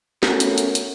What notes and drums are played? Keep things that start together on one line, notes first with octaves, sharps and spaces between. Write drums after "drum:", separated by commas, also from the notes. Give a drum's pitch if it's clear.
A3 B3 C#4 F#4 A#4, drum: snare
drum: hi-hat
drum: hi-hat
drum: hi-hat